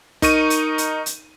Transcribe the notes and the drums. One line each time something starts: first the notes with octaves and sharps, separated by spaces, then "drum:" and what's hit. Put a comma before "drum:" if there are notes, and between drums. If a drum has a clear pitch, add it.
D#4 A#4 C#6 D#7, drum: kick, hi-hat
drum: hi-hat
drum: hi-hat
drum: hi-hat